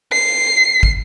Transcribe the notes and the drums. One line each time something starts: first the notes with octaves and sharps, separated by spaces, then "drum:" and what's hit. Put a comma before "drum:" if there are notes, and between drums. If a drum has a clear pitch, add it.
C7
drum: kick